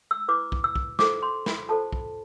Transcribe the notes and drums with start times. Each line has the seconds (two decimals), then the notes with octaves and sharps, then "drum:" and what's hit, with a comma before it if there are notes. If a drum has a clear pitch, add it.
0.11 E6
0.28 E4 B4 D6
0.52 drum: kick
0.64 E6
0.76 drum: kick
0.99 F4 A4 C5 D6, drum: snare
1.22 C6
1.46 B5, drum: snare
1.69 F4 A4 C5 A5
1.93 drum: kick